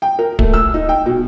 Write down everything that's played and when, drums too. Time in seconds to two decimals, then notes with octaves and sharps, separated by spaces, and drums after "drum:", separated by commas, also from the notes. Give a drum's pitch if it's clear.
0.02 G5
0.19 A#4
0.39 A3, drum: kick
0.53 E6
0.74 D#4
0.89 G5
1.06 B2